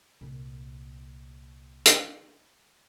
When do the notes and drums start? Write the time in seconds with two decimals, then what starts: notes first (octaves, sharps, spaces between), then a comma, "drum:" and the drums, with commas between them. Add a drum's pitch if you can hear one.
0.21 C2 A#2
1.85 drum: hi-hat